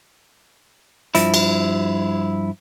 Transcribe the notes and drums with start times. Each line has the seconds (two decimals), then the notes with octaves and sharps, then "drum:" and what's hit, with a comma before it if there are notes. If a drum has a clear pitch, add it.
1.15 G2 F3 E4, drum: hi-hat
1.34 drum: cymbal